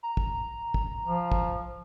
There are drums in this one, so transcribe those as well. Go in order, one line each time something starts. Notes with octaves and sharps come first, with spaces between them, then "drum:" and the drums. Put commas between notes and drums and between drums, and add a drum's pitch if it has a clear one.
A#5
drum: kick
drum: kick
F3
drum: kick